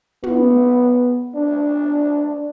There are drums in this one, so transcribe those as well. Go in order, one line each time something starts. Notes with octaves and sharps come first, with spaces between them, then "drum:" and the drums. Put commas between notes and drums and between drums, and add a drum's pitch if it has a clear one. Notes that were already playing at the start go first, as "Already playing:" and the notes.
B3, drum: tom
D4